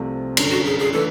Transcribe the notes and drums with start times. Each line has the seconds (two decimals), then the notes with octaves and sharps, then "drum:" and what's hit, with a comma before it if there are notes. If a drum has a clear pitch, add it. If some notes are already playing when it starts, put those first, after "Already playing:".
Already playing: C2 C3 F3 A3 C4
0.37 G1 F#2 D3, drum: cymbal
0.51 F#4
0.65 G#4
0.79 G#4
0.93 E3 A3 D4 A4